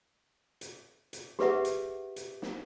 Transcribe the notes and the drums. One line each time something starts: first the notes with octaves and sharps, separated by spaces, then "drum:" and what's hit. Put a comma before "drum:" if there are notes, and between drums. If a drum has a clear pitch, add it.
drum: hi-hat
drum: hi-hat
G4 G#4 B4 E5 F#5, drum: snare
drum: hi-hat
drum: hi-hat
drum: snare